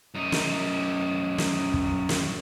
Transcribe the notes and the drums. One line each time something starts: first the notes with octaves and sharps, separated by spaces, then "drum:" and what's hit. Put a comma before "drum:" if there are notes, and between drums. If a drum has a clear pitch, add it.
F#2 D#4
drum: snare
drum: snare
drum: kick
drum: snare